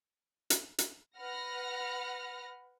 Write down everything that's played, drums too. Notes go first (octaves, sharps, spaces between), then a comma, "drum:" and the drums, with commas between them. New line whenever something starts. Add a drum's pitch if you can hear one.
drum: hi-hat
drum: hi-hat
B4 F#5 F6 A#6